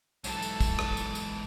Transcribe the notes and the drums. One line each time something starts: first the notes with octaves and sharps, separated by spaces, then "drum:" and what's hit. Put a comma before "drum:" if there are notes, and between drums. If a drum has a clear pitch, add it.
B1 G#2 E3 A4, drum: tambourine
drum: tambourine
drum: kick, tambourine
drum: rim click
drum: tambourine
drum: tambourine